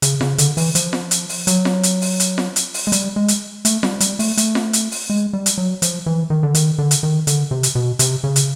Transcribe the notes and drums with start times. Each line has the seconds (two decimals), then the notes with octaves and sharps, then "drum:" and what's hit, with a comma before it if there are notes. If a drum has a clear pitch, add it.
0.02 C#3, drum: hi-hat
0.21 C#3, drum: snare F4
0.38 D3, drum: hi-hat
0.57 E3, drum: open hi-hat
0.75 F3, drum: hi-hat
0.93 drum: snare F4
1.11 drum: hi-hat
1.29 drum: open hi-hat
1.47 F#3, drum: hi-hat
1.65 drum: snare F4
1.83 drum: hi-hat
2.01 drum: open hi-hat
2.20 drum: hi-hat
2.38 drum: snare F4
2.56 drum: hi-hat
2.74 drum: open hi-hat
2.87 G#3
2.92 G3, drum: hi-hat
3.16 G#3
3.28 drum: hi-hat
3.65 A3, drum: hi-hat
3.83 G3, drum: snare F4
4.00 G3, drum: hi-hat
4.19 A3, drum: open hi-hat
4.37 A3, drum: hi-hat
4.55 drum: snare F4
4.73 drum: hi-hat
4.91 drum: open hi-hat
5.10 G#3
5.33 G3
5.46 drum: hi-hat
5.58 F#3
5.82 F3, drum: hi-hat
6.06 E3
6.30 D#3
6.43 D3
6.55 D#3, drum: hi-hat
6.78 D3
6.91 drum: hi-hat
7.03 D#3
7.27 D3, drum: hi-hat
7.51 C3
7.63 drum: hi-hat
7.75 B2
7.99 C3, drum: hi-hat
8.24 C#3
8.36 drum: hi-hat